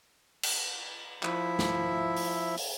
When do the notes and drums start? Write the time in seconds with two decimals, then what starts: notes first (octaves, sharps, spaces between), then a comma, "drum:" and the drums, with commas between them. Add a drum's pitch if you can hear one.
0.43 drum: cymbal
1.23 F3 E4 E5, drum: clap
1.59 drum: snare
2.16 drum: open hi-hat
2.57 drum: open hi-hat